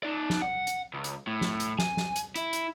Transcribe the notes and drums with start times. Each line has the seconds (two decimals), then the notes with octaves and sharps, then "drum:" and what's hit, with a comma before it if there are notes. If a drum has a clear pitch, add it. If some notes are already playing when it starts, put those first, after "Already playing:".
0.03 D#4 D5
0.30 drum: snare
0.42 F#5
0.67 drum: hi-hat
0.94 C#2
1.04 drum: hi-hat
1.27 A2
1.41 drum: snare
1.60 drum: hi-hat
1.79 G#5, drum: snare
1.97 drum: snare
2.16 drum: hi-hat
2.36 E4, drum: hi-hat
2.53 drum: hi-hat